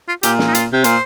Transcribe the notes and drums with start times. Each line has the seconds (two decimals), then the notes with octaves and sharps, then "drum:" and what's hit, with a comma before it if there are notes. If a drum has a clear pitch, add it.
0.08 F4
0.23 A#2 G4, drum: hi-hat
0.39 drum: snare
0.48 D#4
0.55 F4, drum: hi-hat
0.73 C3
0.84 A#2 C5, drum: hi-hat